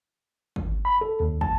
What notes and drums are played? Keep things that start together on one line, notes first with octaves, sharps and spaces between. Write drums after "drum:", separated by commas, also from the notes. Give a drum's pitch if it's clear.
drum: kick
B5
A4
D#2
A5, drum: kick